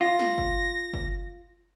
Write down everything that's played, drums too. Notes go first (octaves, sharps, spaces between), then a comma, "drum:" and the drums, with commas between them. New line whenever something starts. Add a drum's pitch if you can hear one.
F4 A#6
drum: snare
drum: kick
drum: kick